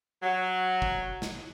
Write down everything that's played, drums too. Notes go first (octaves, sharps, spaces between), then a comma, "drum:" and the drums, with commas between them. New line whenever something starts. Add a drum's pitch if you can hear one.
F#3
drum: kick
drum: snare